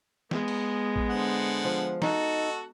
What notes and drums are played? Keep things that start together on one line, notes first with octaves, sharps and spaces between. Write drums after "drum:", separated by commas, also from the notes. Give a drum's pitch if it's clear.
G#3 B3, drum: snare
drum: cymbal
drum: kick A1
D3 C5 F#5
F3
D#4 F#4 A4, drum: snare